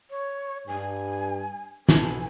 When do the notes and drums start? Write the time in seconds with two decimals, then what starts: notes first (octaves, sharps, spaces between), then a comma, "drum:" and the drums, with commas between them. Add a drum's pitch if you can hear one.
0.10 C#5
0.68 G2 G#5
1.89 B2 B3 A4 G#5, drum: snare